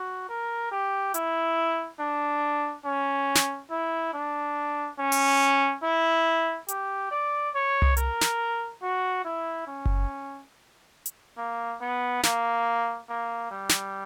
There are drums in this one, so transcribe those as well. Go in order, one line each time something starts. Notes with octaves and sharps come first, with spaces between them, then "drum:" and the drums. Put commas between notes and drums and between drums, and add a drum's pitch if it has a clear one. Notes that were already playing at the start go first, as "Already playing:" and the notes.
Already playing: F#4
A#4
G4
E4, drum: hi-hat
D4
C#4
drum: snare
E4
D4
C#4
drum: open hi-hat
E4
G4, drum: hi-hat
D5
C#5
drum: tom C2
A#4, drum: hi-hat
drum: snare
F#4
E4
C#4
drum: kick F#1
drum: hi-hat
A#3
B3
A#3, drum: snare
A#3
G3
drum: snare